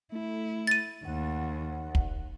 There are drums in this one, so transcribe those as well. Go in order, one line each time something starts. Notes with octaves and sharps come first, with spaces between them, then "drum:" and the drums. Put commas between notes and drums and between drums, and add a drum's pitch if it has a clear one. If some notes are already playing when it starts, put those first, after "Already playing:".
A3 E4
A6 D#7
D#2 F#5
drum: kick